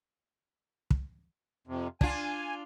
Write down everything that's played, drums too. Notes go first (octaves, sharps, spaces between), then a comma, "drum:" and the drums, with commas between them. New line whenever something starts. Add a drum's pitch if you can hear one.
drum: kick
F2 C3
D4 F4 G#5, drum: kick